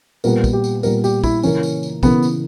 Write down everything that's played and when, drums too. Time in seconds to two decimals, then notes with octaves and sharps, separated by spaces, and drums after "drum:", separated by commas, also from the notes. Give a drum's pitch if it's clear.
0.24 A#2 G3 B3 A#4, drum: tambourine
0.44 drum: kick, tambourine
0.53 G4
0.64 drum: tambourine
0.83 A#2 G3 B3 A#4, drum: tambourine
1.04 G4, drum: tambourine
1.24 E4, drum: kick, tambourine
1.43 C#3 E3 A#3 C#4 E4 A#4, drum: tambourine
1.63 drum: tambourine
1.83 drum: tambourine
2.03 C#3 E3 A#3 B3 E4 A#4, drum: kick, tambourine
2.23 drum: tambourine